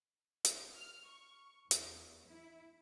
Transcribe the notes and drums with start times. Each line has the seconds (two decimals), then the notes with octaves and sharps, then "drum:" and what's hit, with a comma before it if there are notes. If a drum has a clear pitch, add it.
0.45 drum: hi-hat
0.76 F6
1.08 C#6
1.71 E2, drum: hi-hat
2.27 E4